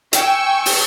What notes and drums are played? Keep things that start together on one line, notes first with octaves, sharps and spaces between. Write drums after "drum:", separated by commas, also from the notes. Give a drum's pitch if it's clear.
G5 G#5 C#6 E6, drum: hi-hat
drum: open hi-hat